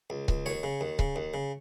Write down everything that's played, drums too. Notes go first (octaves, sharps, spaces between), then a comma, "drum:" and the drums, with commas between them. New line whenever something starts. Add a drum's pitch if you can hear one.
C#2
C#2, drum: kick C#1
D#2 C#5
C#3
D#2
C#3, drum: kick C#1
D#2
C#3